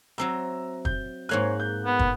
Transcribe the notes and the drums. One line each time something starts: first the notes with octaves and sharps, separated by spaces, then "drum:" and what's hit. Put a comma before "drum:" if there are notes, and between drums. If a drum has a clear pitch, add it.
F#3 C4 E5 A#5 E6
G6, drum: kick
G#2 A#3 C5 C#5 G#5 F#6
G6
B3
drum: kick